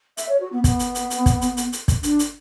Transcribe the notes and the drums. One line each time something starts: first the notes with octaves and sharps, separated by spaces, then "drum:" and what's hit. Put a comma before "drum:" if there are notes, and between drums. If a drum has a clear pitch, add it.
E5, drum: hi-hat
C#5
F#4
B3
B3, drum: kick, hi-hat
drum: hi-hat
drum: hi-hat
drum: hi-hat
drum: kick, hi-hat
drum: hi-hat
drum: hi-hat
drum: hi-hat
drum: kick, hi-hat
D4, drum: hi-hat
drum: hi-hat